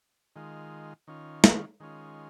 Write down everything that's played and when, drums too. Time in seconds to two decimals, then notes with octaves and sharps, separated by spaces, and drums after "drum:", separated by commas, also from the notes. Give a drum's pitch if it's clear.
0.36 D#3 G#3 F4
1.07 D#3 C#4 F4
1.44 drum: snare
1.80 D#3 G#3 C#4 F4